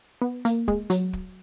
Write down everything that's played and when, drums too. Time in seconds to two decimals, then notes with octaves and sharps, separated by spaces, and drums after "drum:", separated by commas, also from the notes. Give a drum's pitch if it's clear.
0.22 B3
0.45 A#3, drum: hi-hat
0.68 G#3, drum: kick
0.90 F#3, drum: hi-hat
1.13 drum: kick